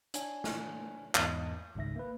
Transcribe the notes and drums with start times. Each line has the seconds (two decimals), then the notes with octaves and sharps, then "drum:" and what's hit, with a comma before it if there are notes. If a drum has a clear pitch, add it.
0.14 D4 C#5 G#5, drum: hi-hat
0.44 drum: snare
1.15 E2 G#2 D#5, drum: clap
1.75 G#1 C#2 G#2 E5 A#6
1.96 A#3 B4